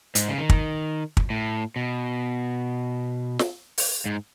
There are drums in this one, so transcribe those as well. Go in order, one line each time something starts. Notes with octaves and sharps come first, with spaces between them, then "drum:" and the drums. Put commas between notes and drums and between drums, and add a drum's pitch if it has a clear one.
G#2, drum: hi-hat
C#3
D#3
drum: kick
drum: kick
A2
B2
drum: snare
drum: open hi-hat
G#2